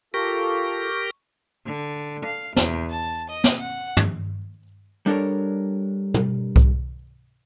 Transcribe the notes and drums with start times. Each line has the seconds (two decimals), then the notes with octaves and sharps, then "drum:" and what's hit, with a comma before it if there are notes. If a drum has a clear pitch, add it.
0.14 F4 G4 A4 A#4 C#6
1.66 D3
2.25 F5
2.56 E2, drum: snare
2.90 A5
3.30 D#5
3.44 drum: snare
3.60 F#5
3.97 drum: tom
5.06 G3 D4 A4 A#4 C#5
6.14 drum: tom
6.56 drum: kick C2